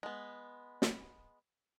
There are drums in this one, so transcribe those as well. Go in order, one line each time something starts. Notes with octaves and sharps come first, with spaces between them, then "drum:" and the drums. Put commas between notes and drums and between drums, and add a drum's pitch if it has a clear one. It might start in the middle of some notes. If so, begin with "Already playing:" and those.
G#3 B3
drum: snare